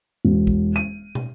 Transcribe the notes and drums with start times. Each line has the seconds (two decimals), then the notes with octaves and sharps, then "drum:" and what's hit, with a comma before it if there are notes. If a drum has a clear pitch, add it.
0.25 E1
0.47 drum: kick
0.76 D#7
1.15 drum: tom